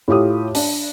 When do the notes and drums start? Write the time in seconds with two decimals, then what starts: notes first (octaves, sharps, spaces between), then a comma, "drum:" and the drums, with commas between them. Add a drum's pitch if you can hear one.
0.08 A2 F4 G4 D#6
0.55 D4, drum: open hi-hat